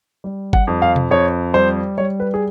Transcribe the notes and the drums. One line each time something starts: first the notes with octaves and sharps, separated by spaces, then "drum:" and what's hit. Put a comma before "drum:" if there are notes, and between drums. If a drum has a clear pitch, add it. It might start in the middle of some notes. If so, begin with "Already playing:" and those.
G3
F#5, drum: kick
F2
F5
drum: tom B2
F2 C#5
G3 C5
G3 C#5
B4
G#4